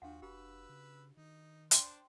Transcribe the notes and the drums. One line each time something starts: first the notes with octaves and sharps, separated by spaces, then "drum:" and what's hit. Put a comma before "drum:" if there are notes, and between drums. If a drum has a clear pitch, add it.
D#2 F3 D4 F#4 F5 F#5
F1 F#4 G4 B4 E6
C#3
D#3 D#4
D4 C5 D5 G5 C6, drum: hi-hat